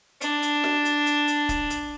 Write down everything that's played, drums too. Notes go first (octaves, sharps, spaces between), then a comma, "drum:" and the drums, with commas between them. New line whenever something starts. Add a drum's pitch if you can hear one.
D4, drum: hi-hat
drum: hi-hat
drum: snare
drum: hi-hat
drum: hi-hat
drum: hi-hat
drum: kick, hi-hat
drum: hi-hat